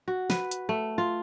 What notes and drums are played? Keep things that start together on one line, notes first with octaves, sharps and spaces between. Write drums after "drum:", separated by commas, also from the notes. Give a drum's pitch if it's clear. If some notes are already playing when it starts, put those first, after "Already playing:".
F#4
B4, drum: snare
drum: hi-hat
A3
F4